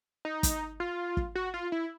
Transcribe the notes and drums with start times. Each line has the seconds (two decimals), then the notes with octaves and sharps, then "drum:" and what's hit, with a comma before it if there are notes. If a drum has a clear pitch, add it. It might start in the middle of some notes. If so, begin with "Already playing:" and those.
0.25 D#4
0.43 drum: kick, hi-hat
0.80 F4
1.17 drum: kick
1.35 F#4
1.54 F4
1.72 E4